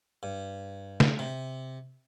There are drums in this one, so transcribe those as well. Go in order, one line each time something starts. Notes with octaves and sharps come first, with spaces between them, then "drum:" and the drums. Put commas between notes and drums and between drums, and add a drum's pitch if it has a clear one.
G2
drum: snare
C3